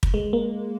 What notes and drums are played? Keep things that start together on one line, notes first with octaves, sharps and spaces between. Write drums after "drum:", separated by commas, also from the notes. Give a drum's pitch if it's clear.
drum: kick
G#3
A#3